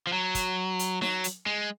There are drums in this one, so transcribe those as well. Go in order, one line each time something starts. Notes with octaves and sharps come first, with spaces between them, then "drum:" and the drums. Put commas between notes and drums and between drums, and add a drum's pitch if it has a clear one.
F3
F#3
drum: kick, hi-hat
drum: hi-hat
F#3, drum: snare D#4
drum: hi-hat
G#3